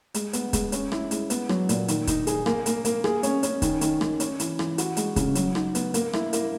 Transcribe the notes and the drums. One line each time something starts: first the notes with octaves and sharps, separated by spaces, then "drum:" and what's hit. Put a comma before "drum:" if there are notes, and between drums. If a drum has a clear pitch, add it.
G#3, drum: hi-hat
B3, drum: hi-hat
G#3, drum: kick, hi-hat
C#4, drum: hi-hat
E4, drum: rim click
G#3, drum: hi-hat
B3, drum: hi-hat
F#3, drum: rim click
A#2, drum: hi-hat
D#3, drum: hi-hat
D#4, drum: kick, hi-hat
G#4, drum: hi-hat
A#3, drum: rim click
A#3, drum: hi-hat
A#3, drum: hi-hat
G#4, drum: rim click
C#4, drum: hi-hat
C#4, drum: hi-hat
D#3, drum: kick, hi-hat
D#3, drum: hi-hat
D#3, drum: rim click
C#4, drum: hi-hat
E3, drum: hi-hat
E3, drum: rim click
F#4, drum: hi-hat
G#3, drum: hi-hat
C#3, drum: kick, hi-hat
F#3, drum: hi-hat
D#4, drum: rim click
B3, drum: hi-hat
A#3, drum: hi-hat
E4, drum: rim click
A#3, drum: hi-hat